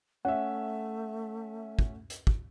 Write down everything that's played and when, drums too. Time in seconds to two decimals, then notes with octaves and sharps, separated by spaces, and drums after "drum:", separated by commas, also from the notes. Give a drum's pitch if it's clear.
0.25 A3 C#4 E5 F#5
1.79 drum: kick
2.10 drum: hi-hat
2.27 drum: kick